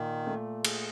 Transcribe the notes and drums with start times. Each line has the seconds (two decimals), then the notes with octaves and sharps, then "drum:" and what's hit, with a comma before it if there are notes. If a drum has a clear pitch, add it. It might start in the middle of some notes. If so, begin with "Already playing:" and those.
Already playing: A#2 D#3
0.27 A3
0.65 G#4, drum: cymbal